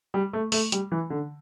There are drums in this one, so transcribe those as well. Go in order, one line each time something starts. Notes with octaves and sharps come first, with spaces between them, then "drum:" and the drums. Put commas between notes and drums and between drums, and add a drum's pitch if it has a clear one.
G3
A3
A3, drum: open hi-hat
G3, drum: hi-hat
E3
D3